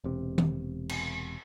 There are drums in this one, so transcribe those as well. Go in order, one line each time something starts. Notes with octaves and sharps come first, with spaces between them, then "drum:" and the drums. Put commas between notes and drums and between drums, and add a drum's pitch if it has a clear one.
E1 C3
drum: tom D#3
drum: cymbal